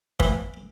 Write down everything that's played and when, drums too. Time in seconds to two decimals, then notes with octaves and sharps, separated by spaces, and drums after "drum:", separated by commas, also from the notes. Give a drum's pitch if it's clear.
0.20 E3, drum: kick